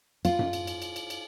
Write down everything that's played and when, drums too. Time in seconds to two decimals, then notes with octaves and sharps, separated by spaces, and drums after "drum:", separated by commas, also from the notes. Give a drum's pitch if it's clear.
0.25 F4, drum: cymbal
0.39 drum: tom F#2
0.53 drum: cymbal
0.67 drum: cymbal
0.82 drum: cymbal
0.96 drum: cymbal
1.10 drum: cymbal